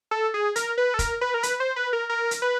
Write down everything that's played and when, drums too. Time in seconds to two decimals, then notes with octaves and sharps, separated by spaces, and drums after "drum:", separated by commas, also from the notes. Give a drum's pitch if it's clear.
0.11 A4
0.34 G#4
0.56 A#4, drum: hi-hat
0.78 B4
0.94 A4
0.99 A#4, drum: kick, hi-hat
1.21 B4
1.34 A#4
1.43 B4, drum: hi-hat
1.60 C5
1.76 B4
1.93 A#4
2.09 A#4
2.31 drum: hi-hat
2.42 B4